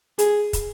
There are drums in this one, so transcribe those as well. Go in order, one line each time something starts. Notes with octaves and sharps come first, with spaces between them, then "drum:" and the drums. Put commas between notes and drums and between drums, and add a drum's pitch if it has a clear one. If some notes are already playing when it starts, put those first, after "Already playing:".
G#4, drum: hi-hat
drum: kick, hi-hat